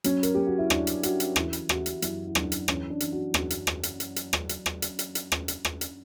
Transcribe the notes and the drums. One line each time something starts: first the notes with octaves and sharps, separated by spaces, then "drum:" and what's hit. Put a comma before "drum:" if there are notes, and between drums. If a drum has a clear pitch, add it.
F#3 C#4, drum: hi-hat
A#4, drum: hi-hat
F#3 G4
F#4
E4
G2 D4, drum: rim click
drum: hi-hat
G2 F#4, drum: hi-hat
drum: hi-hat
E3 E4, drum: rim click
drum: hi-hat
E3 F#4, drum: rim click
drum: hi-hat
F#2 E4, drum: hi-hat
E4
F#2 D4, drum: rim click
drum: hi-hat
E3 C#4, drum: rim click
D4
E3, drum: hi-hat
F#4
F#2 F#4, drum: rim click
drum: hi-hat
drum: rim click
drum: hi-hat
drum: hi-hat
drum: hi-hat
drum: rim click
drum: hi-hat
drum: rim click
drum: hi-hat
drum: hi-hat
drum: hi-hat
drum: rim click
drum: hi-hat
drum: rim click
drum: hi-hat